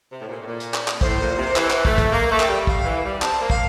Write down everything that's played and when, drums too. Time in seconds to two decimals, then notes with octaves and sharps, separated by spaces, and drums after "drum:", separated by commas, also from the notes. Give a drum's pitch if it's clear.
0.10 C3
0.20 A2
0.28 A#2
0.41 A2
0.46 A#2
0.60 drum: hi-hat
0.74 drum: clap
0.88 drum: clap
1.01 A2 C5, drum: kick
1.20 A#2
1.38 C3
1.56 E3, drum: clap
1.70 drum: clap
1.85 A3, drum: kick
1.98 drum: kick, hi-hat
2.11 A#3 A#4
2.30 A3
2.40 G5, drum: clap
2.48 G3
2.67 F5, drum: kick
2.85 E3
3.04 G3
3.22 C4 A5, drum: clap
3.41 A#3
3.50 F5, drum: kick